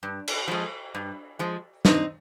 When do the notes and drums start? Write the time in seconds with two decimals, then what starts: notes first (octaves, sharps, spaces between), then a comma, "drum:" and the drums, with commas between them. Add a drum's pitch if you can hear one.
0.03 G2
0.27 drum: cymbal
0.48 F3 G#3
0.95 G2
1.39 F3 G#3
1.85 G2 C4 D#4, drum: snare